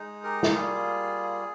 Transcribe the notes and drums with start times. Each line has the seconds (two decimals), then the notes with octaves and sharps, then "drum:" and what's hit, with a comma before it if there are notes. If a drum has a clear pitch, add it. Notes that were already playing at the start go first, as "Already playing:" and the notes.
Already playing: G#3 D#4
0.24 G4 A#4
0.43 G4, drum: snare
0.54 G3 A#3 F4 G#4